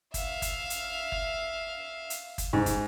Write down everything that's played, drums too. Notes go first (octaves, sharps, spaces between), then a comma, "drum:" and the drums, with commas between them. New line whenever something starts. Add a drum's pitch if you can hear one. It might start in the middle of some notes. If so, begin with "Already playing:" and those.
E5 F5, drum: kick, hi-hat
drum: kick, hi-hat
drum: hi-hat
drum: kick
drum: hi-hat
drum: kick, hi-hat
G#2
drum: kick, hi-hat